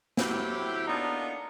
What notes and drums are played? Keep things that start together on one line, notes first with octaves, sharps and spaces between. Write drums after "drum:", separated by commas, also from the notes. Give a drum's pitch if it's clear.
A2 F#3 C4 E4 G4, drum: snare
A#3 B3 D4 D#4 F4 A4